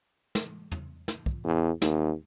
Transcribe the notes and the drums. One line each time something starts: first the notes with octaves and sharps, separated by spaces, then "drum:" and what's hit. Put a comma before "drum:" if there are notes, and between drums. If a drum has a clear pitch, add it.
drum: snare
drum: tom
drum: snare
drum: kick
E2
D#2, drum: snare